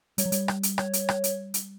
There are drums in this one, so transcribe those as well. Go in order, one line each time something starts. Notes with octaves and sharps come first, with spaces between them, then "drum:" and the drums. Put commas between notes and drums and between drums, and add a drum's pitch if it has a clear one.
G3 C#5, drum: hi-hat
F#3
G3, drum: hi-hat
drum: rim click
drum: hi-hat
C#5, drum: rim click
drum: hi-hat
drum: rim click
drum: hi-hat
drum: hi-hat